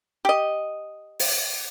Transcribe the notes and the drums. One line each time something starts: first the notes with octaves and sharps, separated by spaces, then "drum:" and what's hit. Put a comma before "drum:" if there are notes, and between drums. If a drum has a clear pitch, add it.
G4 D#5
drum: open hi-hat